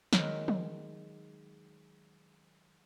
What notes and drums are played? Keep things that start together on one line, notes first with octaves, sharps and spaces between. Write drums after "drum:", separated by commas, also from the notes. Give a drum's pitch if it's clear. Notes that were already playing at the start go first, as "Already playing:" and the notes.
D#3 F#3 G#3 A#4 G5 B5, drum: snare
drum: tom